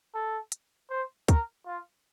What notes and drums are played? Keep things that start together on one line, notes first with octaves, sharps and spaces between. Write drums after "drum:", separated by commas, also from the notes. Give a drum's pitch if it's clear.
A4
drum: hi-hat
C5
A#4, drum: kick, hi-hat
F4